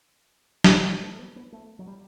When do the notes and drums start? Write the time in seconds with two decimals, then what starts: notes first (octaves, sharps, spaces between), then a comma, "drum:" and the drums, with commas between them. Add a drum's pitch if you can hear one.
0.64 drum: snare
0.81 E3
0.85 F#3
1.03 A3
1.19 B3
1.36 B3
1.52 A3
1.79 F#3
1.87 G3